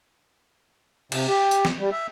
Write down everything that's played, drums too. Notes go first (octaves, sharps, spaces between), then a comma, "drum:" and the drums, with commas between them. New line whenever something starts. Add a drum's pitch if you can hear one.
C3, drum: cymbal
G4
drum: tambourine
drum: snare
G3
E5